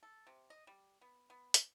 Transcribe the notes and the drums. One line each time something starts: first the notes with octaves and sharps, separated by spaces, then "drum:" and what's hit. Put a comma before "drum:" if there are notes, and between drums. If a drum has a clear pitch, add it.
A4
C3
D#5
G3
B3
B3
drum: hi-hat